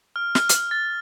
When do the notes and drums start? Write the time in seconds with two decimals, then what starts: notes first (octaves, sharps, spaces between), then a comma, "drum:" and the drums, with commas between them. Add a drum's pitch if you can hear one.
0.16 F6
0.35 F6, drum: snare
0.49 drum: hi-hat
0.71 A6